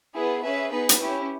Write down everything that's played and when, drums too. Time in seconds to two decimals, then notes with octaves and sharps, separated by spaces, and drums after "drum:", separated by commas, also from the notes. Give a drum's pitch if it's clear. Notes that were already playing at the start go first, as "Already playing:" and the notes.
0.14 B3 E4 G#4 B4
0.42 C#4 G#4 B4 E5
0.71 B3 D#4 G#4 B4
0.89 drum: hi-hat
1.00 C#4 E4 G4